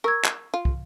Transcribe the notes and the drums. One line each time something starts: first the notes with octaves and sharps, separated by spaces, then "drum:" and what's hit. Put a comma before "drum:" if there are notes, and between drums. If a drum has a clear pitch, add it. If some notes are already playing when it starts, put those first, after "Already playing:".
A#4 C#6 E6 G#6
drum: clap
F4
drum: kick